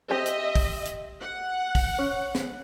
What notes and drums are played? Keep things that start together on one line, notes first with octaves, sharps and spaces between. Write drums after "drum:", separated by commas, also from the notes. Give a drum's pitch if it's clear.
C4 G4 D#5 E5
drum: hi-hat
drum: kick, open hi-hat
drum: hi-hat
F#5
drum: kick, open hi-hat
C#4
drum: snare